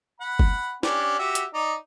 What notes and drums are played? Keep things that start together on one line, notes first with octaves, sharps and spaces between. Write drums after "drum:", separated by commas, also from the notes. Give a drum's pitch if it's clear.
F#5 B5
drum: kick F#1
C#4 D4 G4, drum: snare
F#4 G4 E5
drum: hi-hat
D#4 D5 D#5